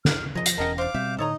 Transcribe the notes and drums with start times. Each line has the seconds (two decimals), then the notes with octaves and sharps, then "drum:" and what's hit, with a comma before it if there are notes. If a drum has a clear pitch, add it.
0.05 F6, drum: snare
0.35 F3 G#4 A#4 D#5 A#6
0.46 drum: hi-hat
0.58 E1 E2 C#4 A#4 D#5 F#5 G5 A5
0.78 D4 C5 F5 D6
0.94 B2 G3 C4 E5 G6
1.18 A2 D3 D#4 A4 C#5 A#5 D#6